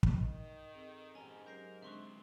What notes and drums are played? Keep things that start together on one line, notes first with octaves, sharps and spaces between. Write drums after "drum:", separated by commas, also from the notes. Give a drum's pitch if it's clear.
drum: kick
G2 D#3
C4 G#4 A4
G#2 C#4 G4 G#5 A#5
F#3 C#4 G4 A#4 G6 A#6 C7
D3 G#3 C4 D4 E5 C6 C#6 F#6